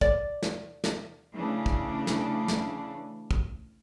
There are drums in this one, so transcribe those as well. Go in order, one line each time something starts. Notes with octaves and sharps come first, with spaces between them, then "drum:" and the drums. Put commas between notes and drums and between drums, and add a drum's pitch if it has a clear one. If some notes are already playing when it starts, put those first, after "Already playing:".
D5, drum: kick
drum: snare
drum: snare
C#3 E3 A3 D4
drum: kick
drum: snare
drum: snare
drum: kick